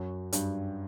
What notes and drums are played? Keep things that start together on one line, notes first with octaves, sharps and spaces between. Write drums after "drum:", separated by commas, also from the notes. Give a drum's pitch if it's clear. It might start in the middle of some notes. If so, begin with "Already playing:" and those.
Already playing: F#2 F#3
G2 G3, drum: hi-hat